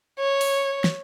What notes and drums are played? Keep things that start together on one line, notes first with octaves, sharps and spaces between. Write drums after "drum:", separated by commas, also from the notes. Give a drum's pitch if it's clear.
C#5
drum: open hi-hat
drum: snare